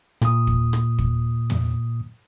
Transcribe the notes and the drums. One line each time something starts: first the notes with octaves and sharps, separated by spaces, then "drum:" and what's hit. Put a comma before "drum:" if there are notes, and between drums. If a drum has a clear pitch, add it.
A#2 D#6, drum: rim click
drum: kick
drum: rim click
drum: kick
drum: tom